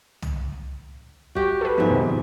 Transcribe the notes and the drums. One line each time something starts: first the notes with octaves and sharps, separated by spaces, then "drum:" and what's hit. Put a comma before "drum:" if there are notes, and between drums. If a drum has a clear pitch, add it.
drum: tom
F#4 G4, drum: kick
A4 B4
G#2 F3 B3 E5
F2 B2 D#3